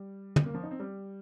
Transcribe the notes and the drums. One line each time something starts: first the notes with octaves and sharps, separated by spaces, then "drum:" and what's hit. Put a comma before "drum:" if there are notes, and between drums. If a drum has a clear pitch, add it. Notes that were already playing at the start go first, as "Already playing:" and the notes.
Already playing: G3
drum: tom
A#3
F3
D#4
C4
G3